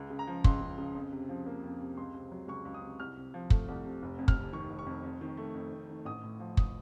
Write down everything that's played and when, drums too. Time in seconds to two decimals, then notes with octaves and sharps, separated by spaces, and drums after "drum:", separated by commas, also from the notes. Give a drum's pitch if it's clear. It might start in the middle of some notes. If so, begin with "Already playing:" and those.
Already playing: C#2
0.10 C#3
0.19 A#5
0.27 F3
0.44 C#2 C6, drum: kick
0.61 C#2
0.78 C#3
0.95 F2
1.12 C3
1.29 F3
1.46 A#3
1.64 F2
1.81 C3
1.97 C#2 C6
2.14 C3
2.32 F#3
2.48 C#2 C#6
2.65 C#2
2.74 D#6
2.83 C3
3.00 C2 F6
3.17 C3
3.34 F3
3.50 A3, drum: kick
3.68 C2
3.84 C3
4.02 F1
4.18 F2
4.28 F6, drum: kick
4.36 C3
4.53 D#3 C#6
4.70 F1
4.79 C#6
4.86 F2
5.04 F2
5.21 D#3
5.37 A3
5.55 F2
5.72 F2
5.89 D#3
6.05 A1 D#6
6.24 A2
6.40 F3
6.57 D#6, drum: kick